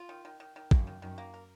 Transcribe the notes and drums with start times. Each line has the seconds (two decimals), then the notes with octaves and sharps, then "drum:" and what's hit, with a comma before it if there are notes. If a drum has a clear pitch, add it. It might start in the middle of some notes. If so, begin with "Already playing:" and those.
Already playing: F4
0.09 D#3
0.25 D#3
0.40 D#3
0.56 D#3
0.71 F#2 A#3, drum: kick
0.87 D#3
1.02 F#2 D#3
1.18 A#3
1.34 A#4